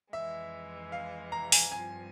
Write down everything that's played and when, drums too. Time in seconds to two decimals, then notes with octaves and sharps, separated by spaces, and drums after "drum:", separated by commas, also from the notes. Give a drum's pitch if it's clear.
0.13 F2 E3 G#3 E5
0.92 F5
1.32 A#5
1.52 G#5, drum: open hi-hat
1.71 G2 F3 C4 G#5